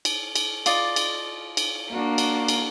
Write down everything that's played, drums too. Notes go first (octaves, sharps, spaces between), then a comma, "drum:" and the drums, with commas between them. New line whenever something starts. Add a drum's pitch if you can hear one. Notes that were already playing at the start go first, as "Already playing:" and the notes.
drum: cymbal
drum: cymbal
F4 D5 D#5, drum: cymbal
drum: cymbal
drum: cymbal
A#3 D4 F#4
drum: cymbal
drum: cymbal